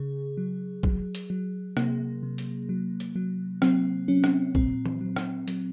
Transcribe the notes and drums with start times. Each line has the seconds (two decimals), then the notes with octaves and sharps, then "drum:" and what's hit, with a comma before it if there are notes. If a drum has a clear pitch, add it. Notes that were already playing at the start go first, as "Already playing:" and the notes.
Already playing: C#3 G#4
0.37 F#3
0.83 F#3, drum: kick
1.15 drum: hi-hat
1.30 F#3
1.77 C3 A#3, drum: rim click
2.23 C3
2.38 drum: hi-hat
2.69 F#3
3.00 drum: hi-hat
3.16 F#3
3.62 F#3 C4, drum: rim click
4.08 F#3 C#4
4.24 drum: rim click
4.55 A#2 C4, drum: kick
4.86 drum: tom E3
5.01 F#3
5.16 drum: rim click
5.48 F#3, drum: hi-hat